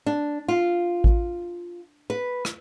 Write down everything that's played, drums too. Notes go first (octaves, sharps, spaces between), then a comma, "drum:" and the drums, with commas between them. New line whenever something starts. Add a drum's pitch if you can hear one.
D4
F4
drum: kick A1
B4
drum: rim click